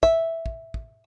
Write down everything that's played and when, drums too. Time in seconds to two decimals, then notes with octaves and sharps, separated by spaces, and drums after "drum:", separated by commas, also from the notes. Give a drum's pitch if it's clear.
0.03 E5, drum: kick
0.46 drum: kick
0.74 drum: kick